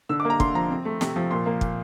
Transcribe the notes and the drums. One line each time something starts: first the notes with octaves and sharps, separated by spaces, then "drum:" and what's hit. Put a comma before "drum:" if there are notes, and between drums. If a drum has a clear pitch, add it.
D3 E6
D6
A#3
A#5
D3 C6, drum: kick
F3 A#5
C4
A3
C3, drum: snare
F3
A#2 C6
A#3
A#2, drum: kick